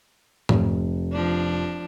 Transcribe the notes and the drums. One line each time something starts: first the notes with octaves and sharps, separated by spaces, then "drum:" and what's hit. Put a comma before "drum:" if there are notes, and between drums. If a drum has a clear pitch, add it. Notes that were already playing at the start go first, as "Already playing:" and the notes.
F1, drum: tom G#2
F3 D4